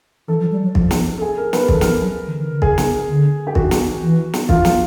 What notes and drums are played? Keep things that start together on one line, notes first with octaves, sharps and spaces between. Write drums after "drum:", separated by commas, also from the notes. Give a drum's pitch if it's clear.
E3 A4
F3
G3
F#3
F3, drum: kick
drum: snare
A4
G#4
A#4
B4, drum: snare
A#4
E3, drum: kick
A4
F3 A#4, drum: snare
F#3
D#3
D#3
D3
C#3 G#4, drum: kick
drum: snare
D3
G4
D#3 F#4, drum: kick
drum: snare
E3
drum: snare
E3 F4, drum: kick
F3, drum: snare